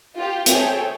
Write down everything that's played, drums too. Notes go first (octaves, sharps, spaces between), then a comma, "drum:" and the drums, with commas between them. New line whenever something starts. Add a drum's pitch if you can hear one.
F4 G4
G#4 A4 C5 C#5 E5 G5, drum: hi-hat